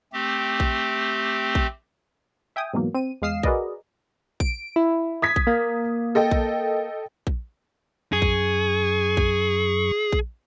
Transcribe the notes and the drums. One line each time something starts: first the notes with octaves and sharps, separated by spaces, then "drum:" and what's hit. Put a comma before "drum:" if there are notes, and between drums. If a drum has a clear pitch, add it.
A3 C4 G4
drum: kick A#1
drum: kick A#1
E5 G5 G#5 D#6
G#2 B2 E3 F#3 A#3
C4 D#7
E2 G#3 F5 D#6 C7 E7
F#4 G#4 A#4 B4 D5 D#5, drum: kick A#1
D7, drum: kick A#1
E4
D#6 G#6 B6
drum: kick A#1
A#3
A4 D#5 G5
drum: kick A#1
drum: kick A#1
F#2 G#4 C#6
drum: kick A#1
drum: kick A#1
drum: kick A#1